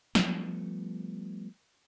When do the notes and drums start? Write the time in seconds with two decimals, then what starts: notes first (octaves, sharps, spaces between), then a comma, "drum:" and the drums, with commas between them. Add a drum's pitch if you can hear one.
0.15 F3 G3 A3 B3, drum: snare